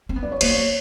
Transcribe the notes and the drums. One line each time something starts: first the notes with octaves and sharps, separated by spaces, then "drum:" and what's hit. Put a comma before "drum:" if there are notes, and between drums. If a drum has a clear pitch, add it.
C4
B3
D5
C#5
A#3 C5, drum: cymbal
C#5